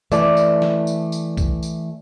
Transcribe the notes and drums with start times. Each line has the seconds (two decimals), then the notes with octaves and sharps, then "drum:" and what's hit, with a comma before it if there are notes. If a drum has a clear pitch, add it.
0.12 E3 A3 D5 A5 D6, drum: tambourine
0.37 drum: tambourine
0.62 drum: snare
0.87 drum: tambourine
1.12 drum: tambourine
1.37 drum: kick B1, tambourine
1.63 drum: tambourine